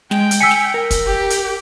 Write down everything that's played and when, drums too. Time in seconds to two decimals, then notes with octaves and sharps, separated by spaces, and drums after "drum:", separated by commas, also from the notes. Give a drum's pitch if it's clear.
0.11 G#3 G5, drum: snare
0.31 drum: hi-hat
0.41 G#5 E6 B6 C#7
0.51 drum: snare
0.74 A#4
0.91 drum: kick, hi-hat
1.07 G4
1.30 drum: hi-hat